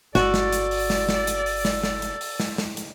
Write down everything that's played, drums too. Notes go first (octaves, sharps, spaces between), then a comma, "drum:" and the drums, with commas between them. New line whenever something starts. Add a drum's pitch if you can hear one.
G1 F#4 A4 D5, drum: snare
drum: snare
drum: hi-hat
drum: open hi-hat
drum: snare
drum: snare
drum: hi-hat
drum: open hi-hat
drum: snare
drum: snare
drum: hi-hat
drum: open hi-hat
drum: snare
drum: snare
drum: hi-hat